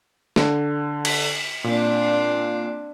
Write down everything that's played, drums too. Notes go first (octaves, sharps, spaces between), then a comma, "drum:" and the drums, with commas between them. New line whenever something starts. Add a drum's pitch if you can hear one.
D3, drum: snare
drum: cymbal
A#2 C4 D4